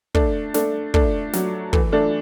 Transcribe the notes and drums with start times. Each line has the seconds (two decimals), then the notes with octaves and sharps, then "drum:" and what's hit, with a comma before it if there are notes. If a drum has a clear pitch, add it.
0.15 A3 D4, drum: kick
0.54 A3 D4, drum: snare
0.94 A3 D4, drum: kick
1.33 F#3, drum: snare
1.73 E3 A3, drum: kick
1.92 A3 D4